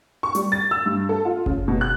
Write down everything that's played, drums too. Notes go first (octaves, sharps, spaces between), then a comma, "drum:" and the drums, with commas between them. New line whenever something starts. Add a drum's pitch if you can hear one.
C#6
G3, drum: hi-hat
A6
E6
G2
A4
F4
C#3, drum: kick F#1
B2
F#6